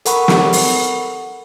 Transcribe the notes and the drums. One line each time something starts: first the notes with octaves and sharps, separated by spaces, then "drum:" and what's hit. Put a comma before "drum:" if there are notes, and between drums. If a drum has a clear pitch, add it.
A4 A#4 F#5 B5 C#6, drum: hi-hat
drum: snare
drum: open hi-hat